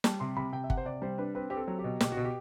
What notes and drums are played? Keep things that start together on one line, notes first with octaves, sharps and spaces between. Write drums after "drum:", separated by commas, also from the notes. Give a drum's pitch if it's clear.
G3 A5, drum: snare
C3 C6
C3 B5
C3 G5
E5
C3 F#5, drum: kick G1
C5
C3 D5
G3 C5
D4 B4
C4 B4
C4 G4
A4
F#3
G4
B2
B2 G4, drum: snare
F#4
B2
G4